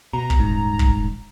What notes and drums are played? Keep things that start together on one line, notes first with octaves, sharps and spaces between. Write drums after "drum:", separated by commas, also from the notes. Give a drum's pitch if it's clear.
B2 A#5
drum: kick
D#1 G#2
drum: kick